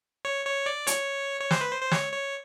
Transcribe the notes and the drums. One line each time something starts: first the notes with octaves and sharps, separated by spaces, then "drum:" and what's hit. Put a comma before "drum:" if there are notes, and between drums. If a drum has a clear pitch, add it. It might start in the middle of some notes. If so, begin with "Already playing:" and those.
C#5
C#5
D5
C#5, drum: hi-hat
C#5
C5, drum: snare
B4
C5
C5
C#5, drum: snare
C#5